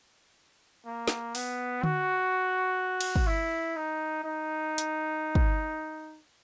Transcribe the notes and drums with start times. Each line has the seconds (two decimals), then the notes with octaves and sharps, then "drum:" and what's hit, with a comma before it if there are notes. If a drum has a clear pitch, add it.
0.86 A#3
1.08 drum: snare
1.35 B3, drum: open hi-hat
1.83 F#4, drum: tom D3
3.01 drum: cymbal
3.16 drum: kick
3.27 E4
3.76 D#4
4.24 D#4
4.78 drum: hi-hat
5.35 drum: kick